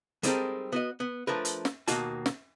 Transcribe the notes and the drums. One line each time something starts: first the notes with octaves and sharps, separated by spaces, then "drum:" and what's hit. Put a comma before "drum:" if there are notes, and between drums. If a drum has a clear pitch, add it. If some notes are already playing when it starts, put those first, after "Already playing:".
G3 G#3 C4 D#4 A4 A#4, drum: hi-hat
B3 F#4 D#5
B3
F3 A3 D4 A#4 B4
drum: hi-hat
drum: snare
D#2 B2 A#3 F#4 D#5 A5, drum: hi-hat
drum: snare